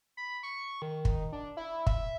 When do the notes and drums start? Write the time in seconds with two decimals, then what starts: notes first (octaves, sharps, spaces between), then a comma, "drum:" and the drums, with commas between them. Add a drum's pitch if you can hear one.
0.17 B5
0.43 C#6
0.82 D#3
1.05 drum: kick
1.33 D4
1.57 E4
1.87 E5, drum: kick